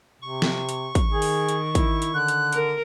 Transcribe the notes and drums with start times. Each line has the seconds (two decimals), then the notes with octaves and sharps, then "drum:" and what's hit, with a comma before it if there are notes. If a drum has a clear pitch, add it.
0.22 C3 C#6
0.42 drum: snare
0.69 drum: hi-hat
0.95 drum: kick, hi-hat
1.12 D#3 G#4
1.22 drum: open hi-hat
1.49 drum: hi-hat
1.75 E4, drum: kick, hi-hat
2.02 drum: hi-hat
2.14 D3 F#6
2.28 drum: hi-hat
2.53 A#4, drum: hi-hat